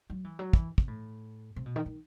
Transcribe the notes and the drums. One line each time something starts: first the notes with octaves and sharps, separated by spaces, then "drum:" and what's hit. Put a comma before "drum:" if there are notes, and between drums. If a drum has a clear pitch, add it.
F#3
E3
F#3
E3, drum: kick
C3, drum: kick
A2
C3
B2
D#3
D#3